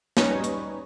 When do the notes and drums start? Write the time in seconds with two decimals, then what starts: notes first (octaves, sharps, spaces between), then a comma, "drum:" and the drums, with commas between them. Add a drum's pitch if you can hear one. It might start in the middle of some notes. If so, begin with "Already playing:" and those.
0.17 G3 C#4 D#4 B4 C#5, drum: snare
0.44 drum: hi-hat